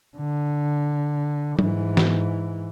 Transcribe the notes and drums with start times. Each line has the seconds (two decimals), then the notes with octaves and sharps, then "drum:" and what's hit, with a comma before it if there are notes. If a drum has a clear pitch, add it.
0.17 D3
1.59 G#2 E3, drum: tom F#3
1.97 drum: snare